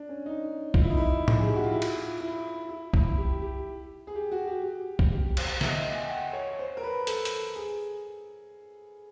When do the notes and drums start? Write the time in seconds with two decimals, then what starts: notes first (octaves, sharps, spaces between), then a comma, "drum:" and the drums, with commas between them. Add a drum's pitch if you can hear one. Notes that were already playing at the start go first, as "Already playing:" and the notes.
Already playing: D4
0.09 C#4
0.26 D#4
0.74 F4, drum: kick B1
0.82 E4
0.89 D#4
0.97 E4
1.28 drum: tom A2
1.39 G#4
1.47 G4
1.55 F#4
1.64 F4
1.72 E4
1.82 drum: cymbal
1.97 F4
2.20 E4
2.69 E4
2.94 E4, drum: kick B1
3.18 G4
3.42 G4
4.07 G#4
4.15 G4
4.32 F#4
4.47 G4
4.63 G4
4.99 drum: kick B1
5.12 G4
5.37 C5, drum: cymbal
5.61 E5, drum: snare
5.69 D#5
5.76 E5
5.95 G#5
6.02 G5
6.10 F#5
6.33 C#5
6.59 C5
6.77 A#4
6.83 B4
7.07 A4, drum: hi-hat
7.25 drum: hi-hat
7.56 G#4